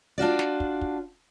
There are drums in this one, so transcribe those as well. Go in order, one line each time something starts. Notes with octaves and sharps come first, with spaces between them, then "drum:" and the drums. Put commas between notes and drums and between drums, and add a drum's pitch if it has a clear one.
D4 F4 F#4 D5
drum: snare
drum: kick
drum: kick